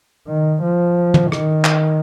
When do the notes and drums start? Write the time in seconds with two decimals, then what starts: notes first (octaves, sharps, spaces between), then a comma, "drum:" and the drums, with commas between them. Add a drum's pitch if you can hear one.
0.28 D#3
0.63 F3
1.14 drum: tom
1.32 D#3, drum: rim click
1.64 drum: clap